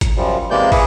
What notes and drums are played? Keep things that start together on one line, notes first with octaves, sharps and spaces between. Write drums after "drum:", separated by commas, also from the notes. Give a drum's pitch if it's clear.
drum: kick, hi-hat
F#2 F3 G3
C3 E3 G#3 A#3 D5 G6
E4 G#4 B4, drum: kick, open hi-hat